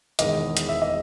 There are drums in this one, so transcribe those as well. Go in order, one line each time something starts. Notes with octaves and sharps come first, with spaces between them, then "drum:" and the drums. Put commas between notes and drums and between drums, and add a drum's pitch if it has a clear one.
E1 E2 D#3 D#5, drum: hi-hat
drum: hi-hat
E5
D#5